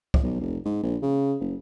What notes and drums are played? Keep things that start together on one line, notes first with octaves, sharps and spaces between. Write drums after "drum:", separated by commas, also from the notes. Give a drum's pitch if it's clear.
drum: kick
B1
F1
G#2
A#1
C#3
F#1